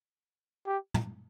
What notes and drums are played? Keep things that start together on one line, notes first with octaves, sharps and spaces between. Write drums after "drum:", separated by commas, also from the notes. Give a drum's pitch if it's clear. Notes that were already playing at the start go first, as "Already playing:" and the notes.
G4
drum: tom